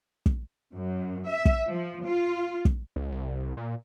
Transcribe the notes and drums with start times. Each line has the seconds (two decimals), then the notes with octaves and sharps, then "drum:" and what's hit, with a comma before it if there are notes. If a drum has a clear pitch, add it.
0.26 drum: kick
0.74 F#2
1.27 E5
1.45 drum: kick
1.69 F3
2.05 F4
2.65 drum: kick
2.96 C#2
3.12 C2
3.57 A#2